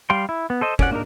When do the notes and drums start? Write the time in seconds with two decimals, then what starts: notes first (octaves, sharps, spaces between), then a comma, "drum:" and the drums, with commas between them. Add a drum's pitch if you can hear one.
0.10 G3 F5 G5 C6
0.29 E4
0.50 B3
0.61 A4 C5 D#5
0.79 C#4 D5 F#5, drum: kick
0.91 A#3 D4 D#4 A#4